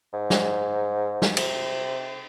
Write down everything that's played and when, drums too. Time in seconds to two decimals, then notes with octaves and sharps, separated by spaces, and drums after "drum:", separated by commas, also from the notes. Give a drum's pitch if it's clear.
0.13 G#2
0.30 drum: snare
1.22 drum: snare
1.37 C3, drum: cymbal